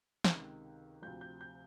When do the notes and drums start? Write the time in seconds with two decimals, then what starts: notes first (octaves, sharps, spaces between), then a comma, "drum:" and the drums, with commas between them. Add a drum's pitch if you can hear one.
0.24 C#2 C3 D#3, drum: snare
1.02 D2 C3 F3 G6
1.21 G6
1.41 G6